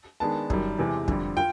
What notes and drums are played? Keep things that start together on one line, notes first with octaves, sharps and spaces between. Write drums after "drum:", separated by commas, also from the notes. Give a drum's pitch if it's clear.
D#3 G#3 B3 D4 A5
F#2 D#3 G3, drum: kick
E2 C3 E3 G#3
F2 D3 G3, drum: kick
F4 G5